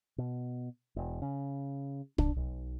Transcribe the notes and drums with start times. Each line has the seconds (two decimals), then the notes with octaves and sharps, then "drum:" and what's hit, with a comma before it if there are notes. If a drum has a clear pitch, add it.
0.18 B2
0.96 E1
1.22 C#3
2.18 D4, drum: kick
2.36 B1